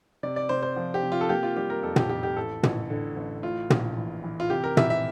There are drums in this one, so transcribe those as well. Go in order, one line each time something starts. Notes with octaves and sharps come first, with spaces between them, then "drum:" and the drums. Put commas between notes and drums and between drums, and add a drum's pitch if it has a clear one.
C3 D5
D5
C3 C5
C5
F3
G4
C3
F4
A4
A#3 G4
F4
G3 G4
A#4
F2 A4
G4, drum: tom
F2 G4
G4
A1 A4
A1, drum: tom
D3
A1
A2 F4
A#1, drum: tom
E3
E3
F4
C3 G4
A#4
E3 E5, drum: tom
E5